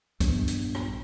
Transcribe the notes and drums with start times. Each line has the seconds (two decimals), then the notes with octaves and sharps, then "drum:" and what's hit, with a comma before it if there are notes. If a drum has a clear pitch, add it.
0.20 A#1 G2 B3 D4, drum: kick, hi-hat
0.48 drum: hi-hat
0.75 drum: rim click